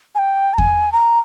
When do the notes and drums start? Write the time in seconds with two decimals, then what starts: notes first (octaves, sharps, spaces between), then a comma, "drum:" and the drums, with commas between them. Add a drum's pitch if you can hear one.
0.15 G#5
0.18 G5
0.54 A#5
0.58 G#5, drum: kick E2
0.92 A#5